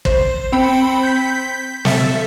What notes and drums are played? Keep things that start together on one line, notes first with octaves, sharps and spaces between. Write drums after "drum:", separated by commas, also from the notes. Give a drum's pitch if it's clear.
C5, drum: kick
C4 C5 G5 B5 C#7
G6 B6
A4 E5, drum: snare